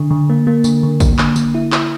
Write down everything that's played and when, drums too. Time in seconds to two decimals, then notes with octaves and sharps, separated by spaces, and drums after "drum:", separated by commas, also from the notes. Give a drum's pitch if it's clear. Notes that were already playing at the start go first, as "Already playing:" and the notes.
Already playing: D3
0.11 D3
0.30 A#3
0.47 A#3
0.64 D3, drum: tambourine
0.83 D3
1.00 D3, drum: kick, tambourine
1.18 D3, drum: clap
1.36 D3, drum: tambourine
1.54 E4
1.72 E4, drum: clap